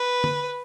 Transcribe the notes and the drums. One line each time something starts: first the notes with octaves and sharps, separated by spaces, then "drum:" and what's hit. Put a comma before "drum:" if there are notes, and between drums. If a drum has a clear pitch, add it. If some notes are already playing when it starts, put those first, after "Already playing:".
Already playing: B4
drum: tom